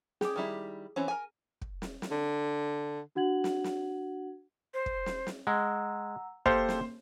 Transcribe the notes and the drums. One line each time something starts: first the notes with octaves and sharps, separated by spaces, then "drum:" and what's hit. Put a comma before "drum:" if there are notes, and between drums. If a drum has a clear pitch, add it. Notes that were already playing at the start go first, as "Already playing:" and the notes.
G4 G#4 D6, drum: snare
D#3 G3 E4
E3 C4 C#4
A#4 G#5
drum: kick
drum: snare
drum: snare
D3
D4 F#4 F#5 G#6 F#7
drum: snare
drum: snare
C5
drum: kick
drum: snare
drum: snare
G#3 F#5 A#5 E6
A#3 G4 A4 C5 F5, drum: kick
drum: snare